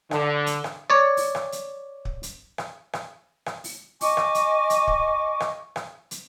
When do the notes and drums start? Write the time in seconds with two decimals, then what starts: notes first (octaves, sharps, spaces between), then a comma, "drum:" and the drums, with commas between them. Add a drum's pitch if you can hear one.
0.11 D3, drum: rim click
0.46 drum: hi-hat
0.64 drum: rim click
0.90 C#5 D5
1.17 drum: open hi-hat
1.35 drum: rim click
1.52 drum: hi-hat
2.05 drum: kick
2.23 drum: hi-hat
2.58 drum: rim click
2.93 drum: rim click
3.46 drum: rim click
3.64 drum: open hi-hat
4.01 D#5 G#5 C#6 D6, drum: open hi-hat
4.17 drum: rim click
4.35 drum: hi-hat
4.70 drum: hi-hat
4.87 drum: kick
5.40 drum: rim click
5.76 drum: rim click
6.11 drum: hi-hat